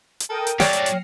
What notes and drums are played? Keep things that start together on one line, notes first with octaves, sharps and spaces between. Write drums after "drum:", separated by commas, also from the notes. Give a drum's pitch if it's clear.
drum: hi-hat
A4 A#4 G5 D#6
drum: hi-hat
F#3 A3 C#5 D5 G5 F6 A#6 C7, drum: snare
drum: hi-hat
drum: hi-hat